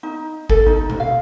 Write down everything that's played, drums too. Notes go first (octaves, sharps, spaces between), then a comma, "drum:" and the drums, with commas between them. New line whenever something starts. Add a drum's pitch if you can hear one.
D#4
A4, drum: kick G#1
D#4
drum: tom B2
F5